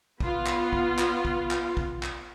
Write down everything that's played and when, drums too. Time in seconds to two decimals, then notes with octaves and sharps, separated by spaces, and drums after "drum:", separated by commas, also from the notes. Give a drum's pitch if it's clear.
0.20 B3 F4, drum: kick
0.47 drum: clap
0.73 drum: kick
0.99 drum: clap
1.25 drum: kick
1.51 drum: clap
1.77 drum: kick
2.03 drum: clap